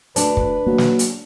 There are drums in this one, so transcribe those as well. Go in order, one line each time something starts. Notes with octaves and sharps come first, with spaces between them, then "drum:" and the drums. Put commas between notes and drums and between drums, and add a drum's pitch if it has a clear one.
D2 D4 B4, drum: hi-hat
drum: kick
F#3 A#3
drum: snare
drum: hi-hat